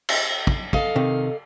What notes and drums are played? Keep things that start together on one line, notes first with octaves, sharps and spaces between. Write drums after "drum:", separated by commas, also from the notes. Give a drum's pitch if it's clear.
drum: cymbal
drum: kick
A4 D#5 F5, drum: kick
C3 D#3